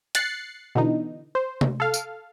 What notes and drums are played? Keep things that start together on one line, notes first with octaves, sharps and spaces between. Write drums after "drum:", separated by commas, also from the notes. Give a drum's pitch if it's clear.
F#6 A6 C7 C#7, drum: hi-hat
B2 D3 E3 D#4
C5
drum: tom C3
A4 F5
drum: tambourine